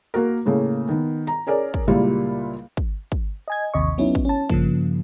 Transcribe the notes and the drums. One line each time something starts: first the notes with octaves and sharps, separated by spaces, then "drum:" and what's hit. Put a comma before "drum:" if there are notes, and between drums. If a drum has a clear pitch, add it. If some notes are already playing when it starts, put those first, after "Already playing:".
A#3 F#4 A#4
A2 C#3 A3 A#3
D#3 B3
A#5
C#4 G#4 A#4 D5
drum: kick
C#2 A#2 G3 A#3 E4 F4
drum: kick
drum: kick
D#5 G#5 G#6
A1 D#2 C3 D#5 C#6
F#3 B3 C#4 D#4 E4
drum: kick
C#4 A5
G2 C#3 F3 A#3, drum: kick